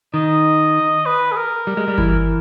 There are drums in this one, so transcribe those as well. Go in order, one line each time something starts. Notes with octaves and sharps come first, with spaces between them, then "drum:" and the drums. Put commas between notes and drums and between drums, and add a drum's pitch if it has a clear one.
D#3 D#5
B4
G#4
A#4
G3
G#3
G3
E3, drum: kick G1